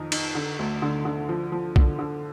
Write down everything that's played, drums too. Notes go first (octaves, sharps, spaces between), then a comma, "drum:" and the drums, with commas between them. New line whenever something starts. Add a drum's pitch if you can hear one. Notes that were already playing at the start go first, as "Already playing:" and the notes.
Already playing: F2 D#3 D#4
D#4, drum: cymbal
D3
D2
D3
D3
F3
F3
D3, drum: kick B1
D3